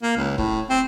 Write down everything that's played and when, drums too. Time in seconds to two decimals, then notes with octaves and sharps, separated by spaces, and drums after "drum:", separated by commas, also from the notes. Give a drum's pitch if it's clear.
0.03 A#3
0.17 C#2
0.38 A2, drum: kick E1
0.70 C4